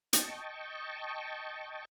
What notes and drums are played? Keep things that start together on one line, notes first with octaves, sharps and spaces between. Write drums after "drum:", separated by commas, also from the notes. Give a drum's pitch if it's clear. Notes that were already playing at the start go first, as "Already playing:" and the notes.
D#5 G5 A5 C#6, drum: hi-hat